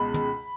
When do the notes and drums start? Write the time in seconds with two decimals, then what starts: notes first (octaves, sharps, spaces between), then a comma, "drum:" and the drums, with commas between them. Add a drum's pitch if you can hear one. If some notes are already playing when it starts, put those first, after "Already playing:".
Already playing: C#2 B2 G#3 B5
0.14 drum: tom